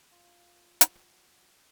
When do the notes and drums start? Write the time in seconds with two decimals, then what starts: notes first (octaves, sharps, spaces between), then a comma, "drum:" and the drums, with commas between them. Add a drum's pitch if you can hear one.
0.11 F4
0.81 F#3, drum: hi-hat